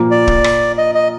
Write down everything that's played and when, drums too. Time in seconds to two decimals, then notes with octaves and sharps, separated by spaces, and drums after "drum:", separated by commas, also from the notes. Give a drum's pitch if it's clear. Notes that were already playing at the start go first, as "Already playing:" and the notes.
Already playing: A#2 F3 A#3
0.11 D5
0.27 drum: kick
0.44 drum: rim click
0.78 D#5
0.95 D#5